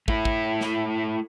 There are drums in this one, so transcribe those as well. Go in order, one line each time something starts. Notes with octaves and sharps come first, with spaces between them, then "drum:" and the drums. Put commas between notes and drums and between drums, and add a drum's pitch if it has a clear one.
A3 E4, drum: kick
drum: kick
drum: snare